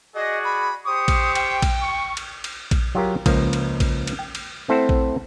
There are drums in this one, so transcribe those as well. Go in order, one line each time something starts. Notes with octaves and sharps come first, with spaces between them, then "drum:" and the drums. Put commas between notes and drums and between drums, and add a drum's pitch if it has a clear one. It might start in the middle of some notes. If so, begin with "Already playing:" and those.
F#4 G#4 D5 D#5
B5
G4 C5 C#6 D#6
drum: kick A#1, cymbal
G5, drum: cymbal
drum: kick A#1, cymbal
C#6
drum: cymbal
drum: cymbal
drum: kick A#1, cymbal
F#3 F4 G4 A#4
C#2 F3 A#3, drum: kick A#1, cymbal
drum: cymbal
drum: kick A#1, cymbal
drum: cymbal
G5
drum: cymbal
A3 C4 E4 A4 C5 F#5
drum: kick A#1